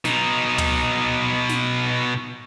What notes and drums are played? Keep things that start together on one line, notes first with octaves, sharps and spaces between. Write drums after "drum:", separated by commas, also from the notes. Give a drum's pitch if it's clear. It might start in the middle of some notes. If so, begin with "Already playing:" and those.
B2 D#4, drum: snare
drum: tom
drum: snare